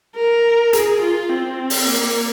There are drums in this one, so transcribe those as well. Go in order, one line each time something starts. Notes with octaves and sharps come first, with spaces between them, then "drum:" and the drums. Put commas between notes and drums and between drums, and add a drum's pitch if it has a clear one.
A#4
G#4, drum: hi-hat
F4
C4
drum: open hi-hat
A#3